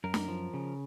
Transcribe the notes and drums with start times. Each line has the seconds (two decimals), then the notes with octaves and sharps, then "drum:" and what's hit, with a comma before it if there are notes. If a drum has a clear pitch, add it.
0.04 F#2 A#4
0.14 drum: snare
0.28 F3
0.54 C#3